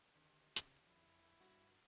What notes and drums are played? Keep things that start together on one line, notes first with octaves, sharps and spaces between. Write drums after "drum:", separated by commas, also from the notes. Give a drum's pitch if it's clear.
D#2 D3
C#3, drum: hi-hat
F2 E4
G2 F#4